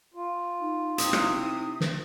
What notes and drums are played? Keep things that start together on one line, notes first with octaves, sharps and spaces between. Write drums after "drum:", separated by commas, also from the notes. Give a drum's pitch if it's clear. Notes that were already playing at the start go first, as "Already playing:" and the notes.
F4
D#4
C3 E4 D#6, drum: hi-hat
drum: rim click
drum: snare